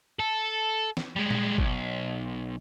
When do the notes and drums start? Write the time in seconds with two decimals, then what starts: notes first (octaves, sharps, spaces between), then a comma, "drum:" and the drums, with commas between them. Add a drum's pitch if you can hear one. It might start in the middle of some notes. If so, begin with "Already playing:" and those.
0.20 A4
0.97 drum: snare
1.16 G3 G#3
1.31 drum: tom A#2
1.58 B1, drum: kick G1